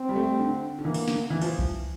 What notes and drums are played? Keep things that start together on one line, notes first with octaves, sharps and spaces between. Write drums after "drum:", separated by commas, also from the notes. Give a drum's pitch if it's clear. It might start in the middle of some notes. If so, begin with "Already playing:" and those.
Already playing: C4
G3
A3
D3
D3
E3 A#3
drum: open hi-hat
D3, drum: snare
E3
F3, drum: cymbal
drum: kick B1